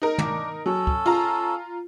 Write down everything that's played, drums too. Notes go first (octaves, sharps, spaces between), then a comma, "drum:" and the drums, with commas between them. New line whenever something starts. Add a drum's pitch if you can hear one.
D#4 A#4
D4, drum: tom
F#3 C#4 A4
drum: kick
F4 A#5